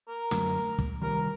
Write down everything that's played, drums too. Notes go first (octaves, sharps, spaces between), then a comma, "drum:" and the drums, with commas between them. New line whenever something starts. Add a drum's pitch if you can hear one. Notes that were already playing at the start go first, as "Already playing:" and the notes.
A#4
F#2 D3 F#3 A3, drum: snare
drum: kick
C3 D#3 G3 A#4